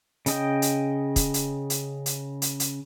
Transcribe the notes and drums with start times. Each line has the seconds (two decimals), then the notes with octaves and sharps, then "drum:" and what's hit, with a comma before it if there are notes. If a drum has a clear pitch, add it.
0.26 C#3 D#5 G5, drum: hi-hat
0.62 drum: hi-hat
1.16 drum: kick, hi-hat
1.34 drum: hi-hat
1.70 drum: hi-hat
2.06 drum: hi-hat
2.42 drum: hi-hat
2.60 drum: hi-hat